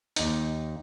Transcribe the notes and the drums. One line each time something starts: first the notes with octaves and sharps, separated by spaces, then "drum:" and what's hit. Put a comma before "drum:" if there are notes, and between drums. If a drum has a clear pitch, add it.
D#2 D#4, drum: hi-hat